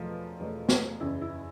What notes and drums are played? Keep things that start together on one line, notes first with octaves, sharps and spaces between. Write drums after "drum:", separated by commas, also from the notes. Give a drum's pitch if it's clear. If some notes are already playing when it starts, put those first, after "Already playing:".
Already playing: E2 B2 F3 F#3 A3 F4
E2 B2 F#3 A3
drum: snare
F#1 E2 C#3 E4
E4